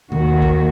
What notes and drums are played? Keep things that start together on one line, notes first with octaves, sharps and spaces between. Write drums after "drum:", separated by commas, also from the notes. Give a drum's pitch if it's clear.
D#2 D#3 F#4, drum: tom B2
drum: kick A#1